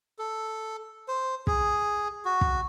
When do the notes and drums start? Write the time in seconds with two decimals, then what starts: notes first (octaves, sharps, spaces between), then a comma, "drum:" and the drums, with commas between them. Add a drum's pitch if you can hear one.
0.19 A4
1.08 C5
1.47 G#4, drum: kick
2.25 F#4
2.41 drum: kick